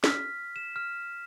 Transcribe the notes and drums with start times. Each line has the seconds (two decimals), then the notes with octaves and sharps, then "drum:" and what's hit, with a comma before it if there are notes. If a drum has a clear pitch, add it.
0.04 F6 B6, drum: snare
0.56 E7
0.76 F6